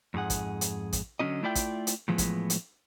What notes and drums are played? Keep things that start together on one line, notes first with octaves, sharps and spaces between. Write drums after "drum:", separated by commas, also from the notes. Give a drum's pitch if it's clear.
F2 G#2 G#4 F#5
drum: kick, hi-hat
drum: hi-hat
drum: kick, hi-hat
D3 F#3 C#4 D#4 D#5
A3 E4 F4 D5 E5 G5
drum: kick, hi-hat
drum: hi-hat
A2 E3 F3 G#3 B3
drum: kick, hi-hat
drum: hi-hat